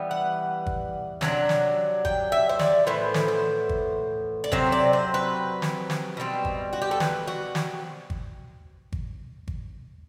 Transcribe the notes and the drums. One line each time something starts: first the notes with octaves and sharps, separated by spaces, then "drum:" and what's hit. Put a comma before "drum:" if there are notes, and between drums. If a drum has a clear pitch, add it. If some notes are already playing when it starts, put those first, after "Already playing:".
Already playing: E3 G3 B3
F#5
drum: kick G#1
C3 F#3 B3 D4, drum: snare
drum: snare
G5, drum: kick G#1
E5
C5
D5, drum: snare
A2 E3 B3 C5
drum: snare
C5
drum: kick G#1
D5
C3 F#3 C4 C5, drum: kick G#1
D5
C5
B4
drum: snare
drum: snare
B2 G3 C4
drum: kick G#1
F#4
G4
A4
B4, drum: snare
F#4
drum: snare
drum: kick G#1
drum: kick G#1
drum: kick G#1